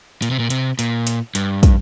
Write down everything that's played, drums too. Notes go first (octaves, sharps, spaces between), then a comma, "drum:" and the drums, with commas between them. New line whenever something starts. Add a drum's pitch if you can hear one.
A#2, drum: hi-hat
C3
A#2
C3, drum: hi-hat
A#2, drum: hi-hat
drum: hi-hat
G2, drum: hi-hat
drum: kick, hi-hat